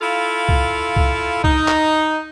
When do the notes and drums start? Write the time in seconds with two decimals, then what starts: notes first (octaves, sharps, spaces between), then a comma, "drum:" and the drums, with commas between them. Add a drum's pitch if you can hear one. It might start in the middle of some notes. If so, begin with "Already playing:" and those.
0.01 E4 F4 A4 F5
0.49 drum: kick C2
0.96 drum: kick C2
1.44 D#4, drum: kick C2
1.68 drum: clap